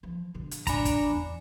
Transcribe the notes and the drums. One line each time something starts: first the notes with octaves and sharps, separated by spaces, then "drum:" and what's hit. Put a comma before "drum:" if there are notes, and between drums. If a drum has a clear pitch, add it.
E3 F3
B2 D3
drum: hi-hat
D2 A2 D4 G#5 A#5 B5, drum: kick, hi-hat
drum: kick, hi-hat
E2